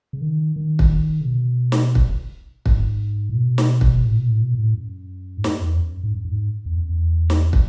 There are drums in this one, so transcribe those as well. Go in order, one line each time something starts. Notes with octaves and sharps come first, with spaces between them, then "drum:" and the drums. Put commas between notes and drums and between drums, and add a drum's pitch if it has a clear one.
C#3
D#3
D#3
drum: kick
C#3
B2
drum: snare
drum: kick
G#2, drum: kick
A2
B2
drum: snare
drum: kick
A2
B2
A2
B2
A2
F#2
G#2
F#2, drum: snare
E2
F#2
G#2
F#2
F#2
G#2
E2
F#2
E2
drum: snare
drum: kick